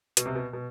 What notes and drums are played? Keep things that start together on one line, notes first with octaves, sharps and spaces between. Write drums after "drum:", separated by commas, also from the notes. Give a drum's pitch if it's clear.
B2, drum: hi-hat
C3
B2
B2